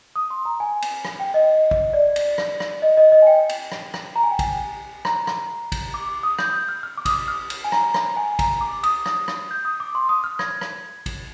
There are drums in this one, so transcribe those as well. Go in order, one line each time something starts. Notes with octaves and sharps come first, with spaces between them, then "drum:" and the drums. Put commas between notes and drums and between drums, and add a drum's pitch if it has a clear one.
D#6
C6
A#5
G#5
drum: cymbal
drum: rim click
G5
D#5
drum: kick
D5
drum: cymbal
drum: rim click
drum: rim click
D#5
D#5
D#5
G#5
G5
drum: cymbal
drum: rim click
drum: rim click
A#5
G#5
G5
G#5, drum: kick, cymbal
A#5, drum: rim click
drum: rim click
drum: kick, cymbal
D6
D6
D#6
G6, drum: rim click
G6
F6
F6
D6
D#6, drum: kick, cymbal
F6
drum: cymbal
G#5
A#5, drum: rim click
drum: rim click
G#5
A#5, drum: kick, cymbal
D6
D#6, drum: cymbal
drum: rim click
drum: rim click
G6
D#6
D6
C6
D#6
F6
G#6, drum: rim click
drum: rim click
drum: kick, cymbal